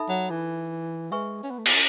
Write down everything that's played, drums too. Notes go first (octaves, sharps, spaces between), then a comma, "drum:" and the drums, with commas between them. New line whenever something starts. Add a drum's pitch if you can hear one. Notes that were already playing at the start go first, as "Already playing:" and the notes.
Already playing: D#4 A4 E5 B5
F#3
E3
G#3 B4 E5 G#5 C#6
C#4
B3
A3
B3, drum: cymbal
C#4